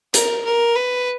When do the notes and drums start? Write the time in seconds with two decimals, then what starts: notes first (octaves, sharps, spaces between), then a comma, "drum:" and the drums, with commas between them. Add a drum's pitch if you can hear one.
0.14 A#4, drum: hi-hat
0.45 A#4
0.75 B4